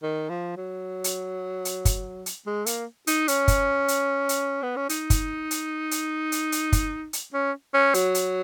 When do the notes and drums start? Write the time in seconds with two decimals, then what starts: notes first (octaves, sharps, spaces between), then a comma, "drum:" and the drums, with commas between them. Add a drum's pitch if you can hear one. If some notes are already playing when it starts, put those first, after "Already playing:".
0.03 D#3
0.29 F3
0.57 F#3
1.04 drum: hi-hat
1.65 drum: hi-hat
1.85 drum: kick, hi-hat
2.26 drum: hi-hat
2.47 G#3
2.66 A#3, drum: hi-hat
3.07 D#4, drum: hi-hat
3.28 C#4, drum: hi-hat
3.48 drum: kick, hi-hat
3.88 drum: hi-hat
4.29 drum: hi-hat
4.63 B3
4.76 C#4
4.89 D#4, drum: hi-hat
5.10 drum: kick, hi-hat
5.51 drum: hi-hat
5.91 drum: hi-hat
6.32 drum: hi-hat
6.52 drum: hi-hat
6.72 drum: kick, hi-hat
7.13 drum: hi-hat
7.33 C#4
7.74 C#4
7.94 F#3, drum: hi-hat
8.15 drum: hi-hat